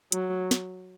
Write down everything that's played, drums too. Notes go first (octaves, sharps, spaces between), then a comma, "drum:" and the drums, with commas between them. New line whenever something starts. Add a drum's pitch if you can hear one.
F#3, drum: hi-hat
drum: snare